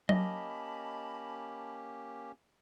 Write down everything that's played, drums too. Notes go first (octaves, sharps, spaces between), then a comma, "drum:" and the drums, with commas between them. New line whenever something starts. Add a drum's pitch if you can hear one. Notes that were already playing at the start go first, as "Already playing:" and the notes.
A#3 C#4 G4 D#5 A5 B5, drum: tom F#3